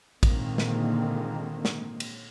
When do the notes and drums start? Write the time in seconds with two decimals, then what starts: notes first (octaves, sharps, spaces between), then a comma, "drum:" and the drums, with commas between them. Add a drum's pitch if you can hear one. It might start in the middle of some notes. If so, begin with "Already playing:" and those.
0.23 A#2 D3 D#3 G#3 A#3 C4, drum: kick, cymbal
0.58 drum: snare
1.65 drum: snare
2.00 drum: cymbal